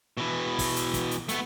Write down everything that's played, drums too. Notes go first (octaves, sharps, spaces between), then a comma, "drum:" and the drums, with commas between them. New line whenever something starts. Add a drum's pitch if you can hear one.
B2 E3
drum: kick, open hi-hat
drum: hi-hat
drum: kick, hi-hat
drum: hi-hat
A3 B3, drum: hi-hat